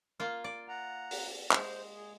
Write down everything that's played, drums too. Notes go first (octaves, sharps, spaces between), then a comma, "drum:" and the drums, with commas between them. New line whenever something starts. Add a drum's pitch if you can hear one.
A#3 F4
D5
F#5 A#5
drum: open hi-hat
G#3 C5, drum: clap
G#4